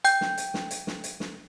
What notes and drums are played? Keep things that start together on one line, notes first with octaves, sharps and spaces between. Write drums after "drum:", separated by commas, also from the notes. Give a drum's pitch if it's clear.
G5 G6, drum: hi-hat
drum: snare
drum: hi-hat
drum: snare
drum: hi-hat
drum: snare
drum: hi-hat
drum: snare